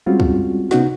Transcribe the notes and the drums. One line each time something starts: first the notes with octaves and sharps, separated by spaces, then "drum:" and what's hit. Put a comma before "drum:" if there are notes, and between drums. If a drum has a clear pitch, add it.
G3 G#3 C4 C#4 F4 F#4
drum: kick
C3 B3 C#4 D#4 F#4, drum: snare